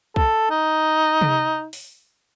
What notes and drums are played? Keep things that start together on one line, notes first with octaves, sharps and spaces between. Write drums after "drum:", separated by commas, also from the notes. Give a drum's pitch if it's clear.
A4, drum: kick
D#4
drum: tom C3
drum: open hi-hat